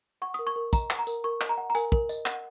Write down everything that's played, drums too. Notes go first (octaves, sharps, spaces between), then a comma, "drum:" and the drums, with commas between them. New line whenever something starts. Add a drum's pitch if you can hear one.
F#5 C#6
A#4 D#6
C#6
A#4
D#5 A#5, drum: kick, tambourine
F#5, drum: clap
A#5
A#4, drum: tambourine
A#4 C#6
D#5, drum: clap
A#5
F#5
A#5
A#4 G#5, drum: tambourine
A#4, drum: kick
D#5, drum: tambourine
F#5, drum: clap